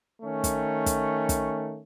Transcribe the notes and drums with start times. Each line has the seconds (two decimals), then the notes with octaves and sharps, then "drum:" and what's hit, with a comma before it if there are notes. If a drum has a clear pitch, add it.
0.22 D#3 A3 C#4
0.44 drum: kick, hi-hat
0.86 drum: kick, hi-hat
1.29 drum: kick, hi-hat